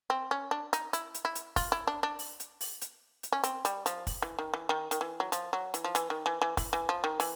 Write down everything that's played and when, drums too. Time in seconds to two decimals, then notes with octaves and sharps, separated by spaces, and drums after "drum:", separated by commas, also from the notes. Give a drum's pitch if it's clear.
0.10 C4
0.31 C#4
0.51 D4
0.73 D#4, drum: hi-hat
0.93 E4, drum: hi-hat
1.14 drum: hi-hat
1.25 E4
1.35 drum: hi-hat
1.56 F4, drum: kick, open hi-hat
1.72 E4
1.87 D4
2.03 D4
2.19 drum: open hi-hat
2.40 drum: hi-hat
2.61 drum: open hi-hat
2.81 drum: hi-hat
3.23 drum: hi-hat
3.32 C#4
3.44 C4, drum: hi-hat
3.65 G3, drum: hi-hat
3.86 F3, drum: hi-hat
4.07 drum: kick, open hi-hat
4.22 E3
4.39 D#3
4.54 E3
4.69 D#3
4.91 D#3, drum: hi-hat
5.01 E3
5.20 F#3
5.32 F3, drum: hi-hat
5.53 F#3
5.74 E3, drum: hi-hat
5.84 F3
5.95 E3, drum: hi-hat
6.10 D#3
6.26 E3
6.42 E3
6.57 E3, drum: kick, open hi-hat
6.73 E3
6.89 F3
7.04 D#3
7.20 E3, drum: open hi-hat